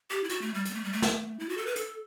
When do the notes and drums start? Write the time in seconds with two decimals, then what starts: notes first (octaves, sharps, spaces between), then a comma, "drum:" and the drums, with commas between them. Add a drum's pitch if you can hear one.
0.11 G4
0.24 E4
0.29 F#4, drum: hi-hat
0.42 A3
0.54 G3
0.65 G3, drum: hi-hat
0.71 B3
0.74 A3
0.84 G3
0.93 A3
1.02 drum: snare
1.39 E4
1.49 F#4
1.57 A4
1.66 B4
1.76 A4, drum: hi-hat